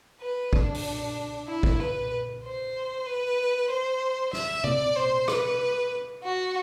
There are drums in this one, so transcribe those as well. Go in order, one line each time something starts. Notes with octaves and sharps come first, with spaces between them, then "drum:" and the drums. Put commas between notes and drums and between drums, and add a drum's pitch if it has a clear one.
B4
D4, drum: kick
drum: open hi-hat
E4
drum: kick
B4
C5
B4
C5
E5, drum: snare
D5, drum: tom C3
C5
B4, drum: rim click
F#4